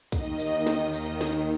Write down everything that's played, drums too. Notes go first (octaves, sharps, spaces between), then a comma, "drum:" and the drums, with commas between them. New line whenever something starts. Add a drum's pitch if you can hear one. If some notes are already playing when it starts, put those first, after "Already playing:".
D#2 D#3 D#5, drum: kick, tambourine
drum: tambourine
drum: snare
D#5, drum: tambourine
drum: snare